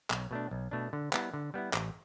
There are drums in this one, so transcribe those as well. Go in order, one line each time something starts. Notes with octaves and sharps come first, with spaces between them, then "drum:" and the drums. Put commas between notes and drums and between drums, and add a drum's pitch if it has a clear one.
B1, drum: clap
B2 A3 D4
B1
B2 A3 D4
D3
G3 B3 E4, drum: clap
D3
G3 B3 E4
A1, drum: clap